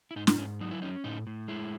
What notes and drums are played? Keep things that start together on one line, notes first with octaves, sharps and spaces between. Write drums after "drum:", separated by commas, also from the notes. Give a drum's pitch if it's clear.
E4
G#2 D#4
drum: snare
G#2 C#4
F#3 D#4
E4
C#4 D#4
A2 D#4
A2
G#3 E4